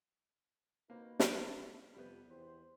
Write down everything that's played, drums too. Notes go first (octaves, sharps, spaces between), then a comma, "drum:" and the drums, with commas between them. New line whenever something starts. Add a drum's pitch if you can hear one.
A#3 C4 D#4 F#4 B4
drum: snare
F2 C3 G3 B3
E2 G4 C5